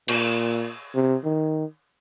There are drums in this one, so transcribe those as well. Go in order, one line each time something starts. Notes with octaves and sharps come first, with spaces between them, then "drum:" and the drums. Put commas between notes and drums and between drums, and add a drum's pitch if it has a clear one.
A#2, drum: cymbal
C3
D#3